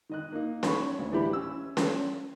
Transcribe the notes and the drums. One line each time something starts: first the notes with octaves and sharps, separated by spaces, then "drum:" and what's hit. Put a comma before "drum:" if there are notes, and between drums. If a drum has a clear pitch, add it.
D#3 D#5 F#6
A#3 D#4
C#5 B5 C#6, drum: snare C#4
D2
A2 E3 D4 E4 G4 B5
C#4 E6
drum: snare C#4